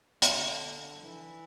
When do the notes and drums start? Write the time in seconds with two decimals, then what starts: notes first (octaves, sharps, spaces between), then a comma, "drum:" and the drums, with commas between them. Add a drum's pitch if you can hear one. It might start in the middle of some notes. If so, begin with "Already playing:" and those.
0.22 D3, drum: hi-hat
1.01 E3